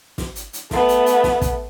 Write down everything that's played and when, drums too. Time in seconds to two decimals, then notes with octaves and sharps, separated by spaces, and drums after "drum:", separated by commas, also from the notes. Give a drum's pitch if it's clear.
0.18 drum: snare
0.36 drum: hi-hat
0.53 drum: hi-hat
0.71 A3 B3, drum: snare
0.89 drum: hi-hat
1.06 drum: hi-hat
1.24 drum: snare
1.41 drum: kick, hi-hat